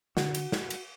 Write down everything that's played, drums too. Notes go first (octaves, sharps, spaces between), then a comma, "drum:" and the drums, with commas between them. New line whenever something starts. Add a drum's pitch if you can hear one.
D3 F#4, drum: snare
drum: cymbal
drum: snare
drum: cymbal